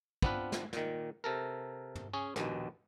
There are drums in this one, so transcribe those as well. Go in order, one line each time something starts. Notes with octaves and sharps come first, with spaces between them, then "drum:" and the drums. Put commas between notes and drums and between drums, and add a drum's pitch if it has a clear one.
B3 C4 D4 F4 B4, drum: kick
drum: snare
A#2 D#3, drum: snare
C3 A4 A#4
drum: tom
C#4 G#4
A#1 D#2 B2, drum: snare